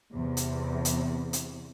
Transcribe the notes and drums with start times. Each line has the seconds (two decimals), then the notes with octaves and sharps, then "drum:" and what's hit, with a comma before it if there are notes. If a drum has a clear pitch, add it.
0.13 E2 C3
0.37 drum: hi-hat
0.85 drum: hi-hat
1.33 drum: hi-hat